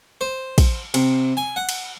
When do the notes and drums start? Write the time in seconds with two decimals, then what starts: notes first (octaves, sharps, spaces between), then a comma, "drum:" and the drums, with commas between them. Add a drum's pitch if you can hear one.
0.21 C5
0.58 drum: kick, cymbal
0.94 C3, drum: cymbal
1.37 G#5
1.56 F#5
1.69 drum: cymbal